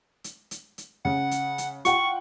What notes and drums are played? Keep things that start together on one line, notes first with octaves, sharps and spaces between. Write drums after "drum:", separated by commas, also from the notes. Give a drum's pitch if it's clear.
drum: hi-hat
drum: hi-hat
drum: hi-hat
C#3 F#5
drum: hi-hat
drum: hi-hat
F4 F#5 G5 C#6, drum: hi-hat